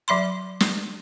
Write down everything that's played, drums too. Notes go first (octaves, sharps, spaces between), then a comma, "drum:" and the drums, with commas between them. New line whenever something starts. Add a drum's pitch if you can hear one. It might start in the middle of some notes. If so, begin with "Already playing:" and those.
F#3 E5 B5 C6
drum: snare